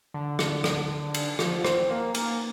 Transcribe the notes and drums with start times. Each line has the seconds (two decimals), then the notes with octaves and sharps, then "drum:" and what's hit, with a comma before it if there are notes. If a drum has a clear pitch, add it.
0.14 D3
0.39 drum: rim click
0.64 drum: rim click
1.14 drum: cymbal
1.39 F3, drum: rim click
1.65 C4, drum: rim click
1.90 A#3
2.15 A#3, drum: cymbal